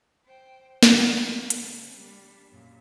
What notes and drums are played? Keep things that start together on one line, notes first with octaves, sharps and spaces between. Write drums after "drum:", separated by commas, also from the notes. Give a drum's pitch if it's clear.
C5 G5
A3, drum: snare
C#3, drum: hi-hat
G3 D4
F#2 A#2